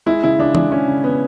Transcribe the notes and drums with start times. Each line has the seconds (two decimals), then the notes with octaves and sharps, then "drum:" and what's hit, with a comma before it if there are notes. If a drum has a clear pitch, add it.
0.06 G#3 E4
0.24 C#3 E4
0.38 C#3 D4
0.55 G#3 D4, drum: tom E3
0.71 G#3 C#4
0.88 C#3
1.04 C#3 B3